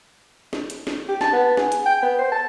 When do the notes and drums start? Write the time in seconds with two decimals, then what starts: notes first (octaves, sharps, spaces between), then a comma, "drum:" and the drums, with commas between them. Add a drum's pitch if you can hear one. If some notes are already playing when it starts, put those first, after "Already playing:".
0.53 drum: snare
0.70 drum: hi-hat
0.87 drum: snare
1.09 G4
1.21 A5, drum: snare
1.33 B3
1.57 G#4, drum: snare
1.72 drum: hi-hat
1.85 G5
2.03 B3
2.18 C5
2.32 A5